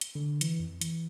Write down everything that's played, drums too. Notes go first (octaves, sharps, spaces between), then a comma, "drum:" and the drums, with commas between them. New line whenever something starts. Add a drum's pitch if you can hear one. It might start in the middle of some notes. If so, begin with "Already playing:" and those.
drum: hi-hat
D3
E3, drum: hi-hat
F2
E3, drum: hi-hat